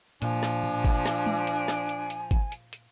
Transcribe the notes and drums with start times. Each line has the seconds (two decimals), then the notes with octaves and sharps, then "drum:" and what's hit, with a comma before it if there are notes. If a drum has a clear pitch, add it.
0.22 A#2 F3 D4 G#5, drum: hi-hat
0.43 drum: snare
0.64 drum: tom A2
0.85 drum: kick, hi-hat
1.05 drum: snare
1.26 drum: tom G#3
1.47 drum: hi-hat
1.68 drum: snare
1.89 drum: hi-hat
2.10 drum: hi-hat
2.31 drum: kick, hi-hat
2.52 drum: hi-hat
2.73 drum: hi-hat